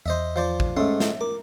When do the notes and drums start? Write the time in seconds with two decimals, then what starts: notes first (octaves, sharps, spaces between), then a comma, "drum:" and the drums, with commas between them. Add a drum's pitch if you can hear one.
0.06 E2 C5 D#5 E5
0.36 F3 C5 D5
0.60 drum: kick
0.77 G#2 A3 C#4 E5 C6
1.00 drum: snare
1.21 A#4 D6